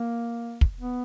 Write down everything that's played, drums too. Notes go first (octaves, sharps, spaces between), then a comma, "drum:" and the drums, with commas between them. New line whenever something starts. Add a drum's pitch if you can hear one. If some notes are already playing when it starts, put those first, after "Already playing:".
Already playing: A#3
drum: kick
B3